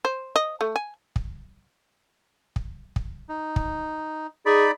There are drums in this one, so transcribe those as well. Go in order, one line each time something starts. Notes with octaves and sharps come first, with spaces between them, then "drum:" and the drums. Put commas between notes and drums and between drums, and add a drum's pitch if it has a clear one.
C5
D#5
A3
G#5
drum: kick
drum: kick
drum: kick
D#4
drum: kick
D#4 G#4 D5 B5